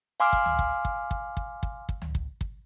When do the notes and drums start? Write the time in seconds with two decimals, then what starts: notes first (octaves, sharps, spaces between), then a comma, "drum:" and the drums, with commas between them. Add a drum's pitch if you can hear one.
0.20 F5 G#5 C6 D6 E6 F6
0.33 drum: kick
0.46 drum: tom C#2
0.59 drum: kick
0.85 drum: kick
1.11 drum: kick
1.37 drum: kick
1.63 drum: kick
1.89 drum: kick
2.02 drum: tom C#2
2.15 drum: kick
2.41 drum: kick